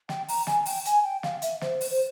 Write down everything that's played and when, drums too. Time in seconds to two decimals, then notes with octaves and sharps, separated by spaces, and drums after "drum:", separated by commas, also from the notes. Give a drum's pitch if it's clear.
0.09 G5, drum: snare
0.28 A#5, drum: open hi-hat
0.47 G#5, drum: snare
0.66 G5, drum: open hi-hat
0.85 G#5, drum: hi-hat
1.04 G5
1.23 F5, drum: snare
1.42 E5, drum: hi-hat
1.61 C5, drum: snare
1.81 drum: open hi-hat
1.90 C5